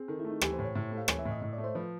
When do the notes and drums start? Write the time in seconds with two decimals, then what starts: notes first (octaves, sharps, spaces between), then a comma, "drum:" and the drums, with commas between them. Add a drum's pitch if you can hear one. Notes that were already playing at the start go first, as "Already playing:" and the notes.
Already playing: C4 G#4
0.08 D#3 A4
0.20 E4
0.25 A3
0.30 D#4
0.41 E3 G4, drum: rim click
0.53 C5
0.59 A2
0.65 C#5
0.75 A2
0.92 A3
0.98 F5
1.08 E3 C#5, drum: rim click
1.19 E5
1.25 A2
1.31 D#5
1.42 A2
1.53 D5
1.58 A3
1.64 C5
1.75 F3 B4